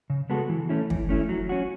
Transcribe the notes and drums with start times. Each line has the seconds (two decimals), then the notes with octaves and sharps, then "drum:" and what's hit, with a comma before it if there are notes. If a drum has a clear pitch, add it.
0.10 C#3
0.30 G#3 B3 F#4 A4
0.49 E3
0.69 A3 C#4 E4
0.90 E3, drum: kick
1.09 A3 C#4 E4
1.29 F#3
1.49 C#4 F#4